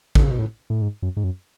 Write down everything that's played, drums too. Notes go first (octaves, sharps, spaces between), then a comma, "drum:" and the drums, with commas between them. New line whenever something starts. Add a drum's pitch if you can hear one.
D3, drum: kick A1
C#3
B2
A2
A2
G#2
F#2
G#2
F#2